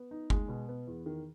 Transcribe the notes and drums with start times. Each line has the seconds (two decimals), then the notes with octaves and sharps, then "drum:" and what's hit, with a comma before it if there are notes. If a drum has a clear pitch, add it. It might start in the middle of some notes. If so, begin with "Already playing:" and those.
Already playing: B3
0.11 D#4
0.30 G#3, drum: kick G1
0.49 B2
0.69 B3
0.87 E2
1.06 D#3